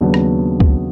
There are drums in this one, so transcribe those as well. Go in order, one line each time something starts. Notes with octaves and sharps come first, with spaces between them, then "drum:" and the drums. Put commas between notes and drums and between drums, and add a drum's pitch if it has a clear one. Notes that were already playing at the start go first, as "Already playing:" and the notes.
D#2 C#3 F#3 B3 D4
drum: rim click
drum: kick